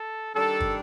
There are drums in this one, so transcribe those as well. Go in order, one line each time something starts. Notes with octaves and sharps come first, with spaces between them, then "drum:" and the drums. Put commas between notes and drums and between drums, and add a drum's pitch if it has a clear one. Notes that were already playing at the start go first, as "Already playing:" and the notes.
Already playing: A4
D#3 G3 D4 A4
drum: kick